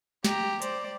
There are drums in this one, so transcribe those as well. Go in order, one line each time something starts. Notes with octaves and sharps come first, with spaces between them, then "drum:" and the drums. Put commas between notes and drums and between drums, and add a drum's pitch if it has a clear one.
G4 A#5, drum: snare
C5 D5, drum: hi-hat